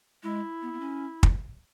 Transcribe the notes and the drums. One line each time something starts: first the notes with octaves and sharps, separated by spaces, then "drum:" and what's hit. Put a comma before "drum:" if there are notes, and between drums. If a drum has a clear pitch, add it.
G#3 E4
B3
B3
C#4
drum: kick